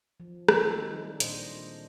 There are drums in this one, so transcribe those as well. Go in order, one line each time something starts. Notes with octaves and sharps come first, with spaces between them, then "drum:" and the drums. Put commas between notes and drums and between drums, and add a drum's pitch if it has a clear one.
F3
D#3 F3 G#3 A#3 C4 A4, drum: rim click
G#3
D#3 G3 D#4 E4 G4 G#4
A#2 D4 C5 D#5, drum: hi-hat